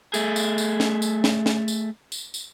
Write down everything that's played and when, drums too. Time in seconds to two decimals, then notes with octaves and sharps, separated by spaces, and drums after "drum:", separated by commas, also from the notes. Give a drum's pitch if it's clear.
0.14 A3 G#4, drum: tambourine
0.36 drum: tambourine
0.58 drum: tambourine
0.80 drum: snare
1.02 drum: tambourine
1.24 drum: snare
1.46 drum: snare
1.68 drum: tambourine
2.12 drum: tambourine
2.34 drum: tambourine